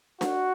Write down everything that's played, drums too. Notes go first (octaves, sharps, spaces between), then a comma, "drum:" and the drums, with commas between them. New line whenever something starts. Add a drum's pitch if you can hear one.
F#4, drum: snare D4